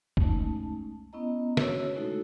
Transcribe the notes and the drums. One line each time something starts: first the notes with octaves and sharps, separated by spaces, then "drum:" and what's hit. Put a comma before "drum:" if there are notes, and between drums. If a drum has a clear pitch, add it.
G#3 A3 C#4 D#4 A5, drum: kick
B3 C#4 E4 D#5 A#5
C#4 F#4 B4 C#5 E6, drum: snare
G#3 A3 D#4 E4 F#4 A4